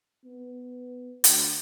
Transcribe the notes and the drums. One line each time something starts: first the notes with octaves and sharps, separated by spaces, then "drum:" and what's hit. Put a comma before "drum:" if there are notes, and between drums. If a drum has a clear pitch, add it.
B3
D2, drum: hi-hat